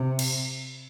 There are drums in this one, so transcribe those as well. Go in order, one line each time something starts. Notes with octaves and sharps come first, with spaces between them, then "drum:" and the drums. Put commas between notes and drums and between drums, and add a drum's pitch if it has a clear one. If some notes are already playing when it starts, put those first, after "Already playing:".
Already playing: C3
drum: cymbal